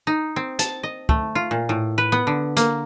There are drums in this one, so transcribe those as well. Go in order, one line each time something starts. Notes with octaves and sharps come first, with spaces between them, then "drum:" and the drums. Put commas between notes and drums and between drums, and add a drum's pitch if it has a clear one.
D#4
C4
A5, drum: hi-hat
D#5
A3, drum: kick
F4
A#2
A2
B4
B3
D3
A#3, drum: hi-hat